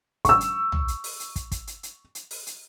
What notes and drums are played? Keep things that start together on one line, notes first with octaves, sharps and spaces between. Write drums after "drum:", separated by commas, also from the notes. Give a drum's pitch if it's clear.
C#6 E6, drum: kick, hi-hat
drum: hi-hat
drum: tom
drum: hi-hat
drum: open hi-hat
drum: hi-hat
drum: kick, hi-hat
drum: kick, hi-hat
drum: hi-hat
drum: hi-hat
drum: hi-hat
drum: open hi-hat
drum: hi-hat